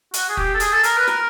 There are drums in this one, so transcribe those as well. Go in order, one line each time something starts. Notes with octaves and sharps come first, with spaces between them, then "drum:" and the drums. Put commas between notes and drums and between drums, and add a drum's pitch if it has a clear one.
F#4, drum: hi-hat
G#4
G4, drum: kick
A4
G#4, drum: hi-hat
A4
A#4, drum: hi-hat
B4
A#4, drum: snare